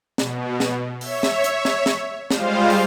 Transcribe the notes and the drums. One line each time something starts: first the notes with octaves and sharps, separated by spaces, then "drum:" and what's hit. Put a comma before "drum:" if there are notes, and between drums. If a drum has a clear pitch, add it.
B2, drum: snare
drum: snare
C#5 E5, drum: open hi-hat
drum: snare
drum: hi-hat
drum: snare
drum: snare
G3 G#3 F4 C5 F5, drum: snare
drum: open hi-hat